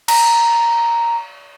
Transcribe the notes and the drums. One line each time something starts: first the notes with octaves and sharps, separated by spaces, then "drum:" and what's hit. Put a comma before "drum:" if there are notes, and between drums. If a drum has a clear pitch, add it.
A#5, drum: cymbal